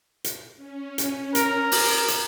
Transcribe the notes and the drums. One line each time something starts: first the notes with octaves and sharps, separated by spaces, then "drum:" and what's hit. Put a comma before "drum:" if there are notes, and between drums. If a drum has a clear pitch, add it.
drum: hi-hat
C#4
drum: hi-hat
A#4, drum: hi-hat
drum: open hi-hat
drum: hi-hat